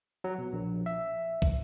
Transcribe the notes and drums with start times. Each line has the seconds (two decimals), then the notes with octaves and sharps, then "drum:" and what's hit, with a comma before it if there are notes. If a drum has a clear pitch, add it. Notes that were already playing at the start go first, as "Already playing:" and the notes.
0.24 F#3
0.38 B2
0.53 A#1
0.86 E5
1.42 drum: kick